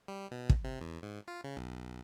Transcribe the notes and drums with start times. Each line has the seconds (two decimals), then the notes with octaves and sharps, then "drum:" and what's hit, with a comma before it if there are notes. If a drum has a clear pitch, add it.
0.08 G3
0.31 B2
0.49 drum: kick
0.64 C3
0.81 E2
1.02 G#2
1.28 F4
1.44 C#3
1.57 B1